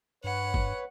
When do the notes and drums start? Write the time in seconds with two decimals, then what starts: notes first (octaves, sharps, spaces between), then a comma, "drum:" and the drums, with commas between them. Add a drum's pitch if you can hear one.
0.24 G2 B4 C#5 F#5
0.54 drum: kick G1